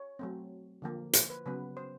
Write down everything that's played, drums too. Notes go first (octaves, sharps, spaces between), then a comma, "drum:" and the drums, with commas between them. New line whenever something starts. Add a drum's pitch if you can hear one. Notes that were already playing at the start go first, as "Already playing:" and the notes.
Already playing: C#5
F#3 A3 C4
D3 F3 A#3
C5, drum: hi-hat
B4
C#3 F#3 B3 B4
C5